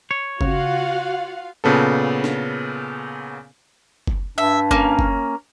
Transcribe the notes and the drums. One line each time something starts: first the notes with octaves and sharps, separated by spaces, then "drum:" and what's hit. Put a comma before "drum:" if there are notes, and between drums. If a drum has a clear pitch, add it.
C#5
C#3 F4 F#4 F5 F#5, drum: kick F#1
A#2 C#3 B3 A4
drum: snare
drum: kick F#1
G2 E5
A#3 C#4, drum: kick F#1
drum: kick F#1